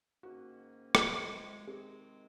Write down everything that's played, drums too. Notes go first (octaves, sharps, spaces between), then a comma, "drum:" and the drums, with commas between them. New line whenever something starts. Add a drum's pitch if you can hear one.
G#2 D#3 A#3 C#4 F#4
C3 F3 G#3, drum: rim click
C3 D#3 G#3 C4 G#4